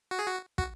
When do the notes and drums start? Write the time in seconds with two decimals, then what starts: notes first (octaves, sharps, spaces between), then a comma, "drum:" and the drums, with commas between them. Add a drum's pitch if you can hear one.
0.11 F#4
0.19 G#4
0.27 F#4
0.58 F#4, drum: kick